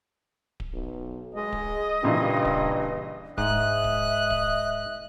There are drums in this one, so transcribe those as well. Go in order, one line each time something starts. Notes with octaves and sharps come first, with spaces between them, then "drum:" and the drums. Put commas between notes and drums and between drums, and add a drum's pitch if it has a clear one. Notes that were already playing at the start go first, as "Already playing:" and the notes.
drum: kick D1
B1
G#3 D#5
drum: kick D1
G2 A#2 C#3 E3
drum: kick D1
G#2 D#5 E5 F#6, drum: kick D1
drum: kick D1
drum: kick D1